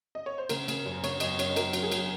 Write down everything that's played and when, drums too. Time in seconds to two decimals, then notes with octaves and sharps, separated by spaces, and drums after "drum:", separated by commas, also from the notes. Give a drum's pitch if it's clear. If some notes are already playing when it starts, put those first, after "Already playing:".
0.15 D#5
0.26 C#5
0.38 C5
0.49 C#3 A#4, drum: cymbal
0.68 C#3, drum: cymbal
0.86 F#2
1.04 C#3 C#5, drum: cymbal
1.20 F#2 D#5, drum: cymbal
1.39 F#2 C#5, drum: cymbal
1.56 F#3 A#4, drum: cymbal
1.73 F#3, drum: cymbal
1.83 G#4
1.92 F#3, drum: cymbal